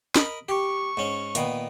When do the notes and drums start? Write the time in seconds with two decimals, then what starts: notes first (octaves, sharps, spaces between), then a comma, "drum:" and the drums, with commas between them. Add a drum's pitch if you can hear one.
0.16 A#4 D#5 B5, drum: snare
0.49 G4 C#6
0.97 G#2 C#4
1.35 A#2 D#3 B3, drum: hi-hat